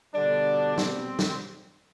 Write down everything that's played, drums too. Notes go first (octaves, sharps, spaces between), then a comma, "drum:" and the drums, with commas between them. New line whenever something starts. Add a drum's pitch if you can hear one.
B2 D3 G3 D4
C4, drum: snare
drum: snare